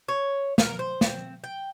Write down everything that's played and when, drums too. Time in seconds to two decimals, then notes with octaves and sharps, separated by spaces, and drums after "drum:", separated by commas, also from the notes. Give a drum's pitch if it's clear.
0.08 C#5
0.58 A#4, drum: snare
0.79 C5
1.01 C4, drum: snare
1.44 G5